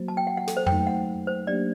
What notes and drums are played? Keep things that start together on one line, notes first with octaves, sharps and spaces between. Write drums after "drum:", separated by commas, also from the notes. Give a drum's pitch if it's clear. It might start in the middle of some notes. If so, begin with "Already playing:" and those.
Already playing: F#3 A#3 F#4 C5
A5
G5
F#5
F#5
A4, drum: hi-hat
C5
F#3 A3 D#4 G5, drum: tom F2
F#5
C5
F#3 A#3 D4 G4 D5